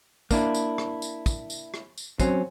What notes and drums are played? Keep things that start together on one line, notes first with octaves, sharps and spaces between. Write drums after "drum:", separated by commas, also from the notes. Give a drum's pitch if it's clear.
A#3 D4 E4, drum: kick, tambourine
drum: tambourine
drum: rim click
drum: tambourine
drum: kick, tambourine
drum: tambourine
drum: rim click
drum: tambourine
F#3 C4 C#4, drum: kick, tambourine